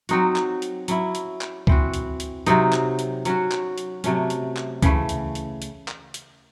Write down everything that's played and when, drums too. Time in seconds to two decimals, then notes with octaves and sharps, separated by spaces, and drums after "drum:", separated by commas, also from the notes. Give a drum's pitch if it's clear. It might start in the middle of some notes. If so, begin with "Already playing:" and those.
0.09 F#3 C4 D#4 F#4, drum: hi-hat
0.36 drum: clap
0.62 drum: hi-hat
0.88 F#3 C#4 E4, drum: hi-hat
1.15 drum: hi-hat
1.41 drum: clap
1.67 E3 C4 F#4, drum: kick C#2
1.94 drum: hi-hat
2.20 drum: hi-hat
2.46 C3 F#3 C4 D#4, drum: hi-hat
2.72 drum: clap
2.99 drum: hi-hat
3.25 F#3 C#4 F#4, drum: hi-hat
3.51 drum: clap
3.78 drum: hi-hat
4.04 C3 F#3 A3 C#4, drum: hi-hat
4.30 drum: hi-hat
4.56 drum: clap
4.82 C#3 E3 A3, drum: kick C#2, hi-hat
5.09 drum: hi-hat
5.35 drum: hi-hat
5.62 drum: hi-hat
5.88 drum: clap
6.14 drum: hi-hat